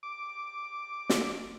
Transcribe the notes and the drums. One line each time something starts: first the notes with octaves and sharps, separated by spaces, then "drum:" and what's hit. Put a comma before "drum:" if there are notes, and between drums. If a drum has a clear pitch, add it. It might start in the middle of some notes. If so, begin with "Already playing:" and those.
D6
drum: snare